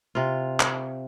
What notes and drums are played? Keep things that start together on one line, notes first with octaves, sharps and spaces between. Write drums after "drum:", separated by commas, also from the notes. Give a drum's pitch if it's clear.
C3 F4
drum: clap